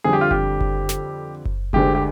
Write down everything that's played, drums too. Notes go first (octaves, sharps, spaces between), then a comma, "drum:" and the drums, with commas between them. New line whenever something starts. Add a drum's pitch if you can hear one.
F2 D3 G3 G#4
G4
F4
G4, drum: kick F#1
drum: kick F#1
drum: snare
drum: kick F#1
D2 D3 G#3 G4, drum: kick F#1
G4